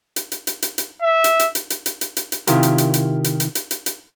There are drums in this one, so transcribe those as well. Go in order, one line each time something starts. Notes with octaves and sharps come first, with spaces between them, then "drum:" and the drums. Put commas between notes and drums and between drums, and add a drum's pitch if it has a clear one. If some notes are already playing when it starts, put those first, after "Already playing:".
drum: hi-hat
drum: hi-hat
drum: hi-hat
drum: hi-hat
drum: hi-hat
E5
drum: hi-hat
drum: hi-hat
drum: hi-hat
drum: hi-hat
drum: hi-hat
drum: hi-hat
drum: hi-hat
drum: hi-hat
C3 D#3 E4 F4 G4 A#4, drum: hi-hat
drum: hi-hat
drum: hi-hat
drum: hi-hat
drum: hi-hat
drum: hi-hat
drum: hi-hat
drum: hi-hat
drum: hi-hat